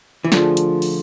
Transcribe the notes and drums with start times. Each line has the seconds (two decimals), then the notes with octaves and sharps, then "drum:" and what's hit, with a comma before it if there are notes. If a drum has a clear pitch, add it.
0.24 E3
0.32 D3 F3 A3 D4 F4 G#4, drum: snare
0.57 drum: hi-hat
0.82 drum: open hi-hat